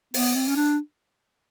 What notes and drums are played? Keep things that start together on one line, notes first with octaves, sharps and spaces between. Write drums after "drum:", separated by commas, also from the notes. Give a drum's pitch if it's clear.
B3, drum: open hi-hat
C4
C#4
D4